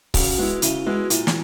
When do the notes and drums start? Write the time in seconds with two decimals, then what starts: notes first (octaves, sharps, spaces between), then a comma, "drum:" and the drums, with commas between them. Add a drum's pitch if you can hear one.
0.14 C#3 F#4, drum: kick C#1, open hi-hat
0.38 G#3 B3 E4 F#4
0.62 C#3 E4, drum: hi-hat
0.86 G#3 B3 E4 F#4
1.10 A#2 E4, drum: hi-hat
1.27 drum: snare